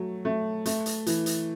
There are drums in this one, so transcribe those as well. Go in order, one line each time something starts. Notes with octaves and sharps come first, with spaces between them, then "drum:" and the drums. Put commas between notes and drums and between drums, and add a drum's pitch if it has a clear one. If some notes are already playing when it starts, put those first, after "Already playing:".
Already playing: F#3 A3
A3
A3, drum: hi-hat
drum: hi-hat
E3, drum: hi-hat
drum: hi-hat